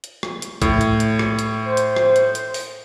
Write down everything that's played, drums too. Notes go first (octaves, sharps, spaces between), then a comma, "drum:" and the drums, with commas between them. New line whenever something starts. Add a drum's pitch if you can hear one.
drum: hi-hat
drum: rim click
drum: hi-hat
A2, drum: kick A#1, hi-hat
drum: hi-hat
drum: hi-hat
drum: rim click
drum: hi-hat
C5
drum: hi-hat
drum: rim click
drum: hi-hat
drum: hi-hat
drum: open hi-hat